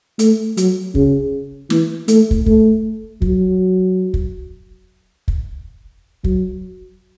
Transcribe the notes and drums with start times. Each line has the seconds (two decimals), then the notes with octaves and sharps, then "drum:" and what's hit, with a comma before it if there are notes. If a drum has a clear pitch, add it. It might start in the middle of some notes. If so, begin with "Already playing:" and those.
0.19 A3, drum: hi-hat
0.57 F#3, drum: hi-hat
0.95 C#3, drum: kick
1.70 E3, drum: snare
2.08 A3, drum: hi-hat
2.31 drum: kick
2.46 A3, drum: kick
3.22 F#3, drum: kick
4.14 drum: kick
5.28 drum: kick
6.24 F#3, drum: kick